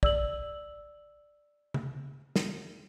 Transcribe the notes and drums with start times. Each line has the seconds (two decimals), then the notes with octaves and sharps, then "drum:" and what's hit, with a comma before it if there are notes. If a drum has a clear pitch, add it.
0.03 D5 E6 F#7, drum: kick
1.74 drum: tom C#3
2.36 drum: snare